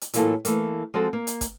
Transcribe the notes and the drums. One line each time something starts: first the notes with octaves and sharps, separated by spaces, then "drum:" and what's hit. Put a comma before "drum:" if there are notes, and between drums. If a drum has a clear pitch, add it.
drum: hi-hat
A2 E3 F#3 A#3 F4 A4, drum: hi-hat
E3 F3 A3 A#3, drum: hi-hat
F3 G#3 C4 F#4 A4
A#3
drum: hi-hat
drum: kick, hi-hat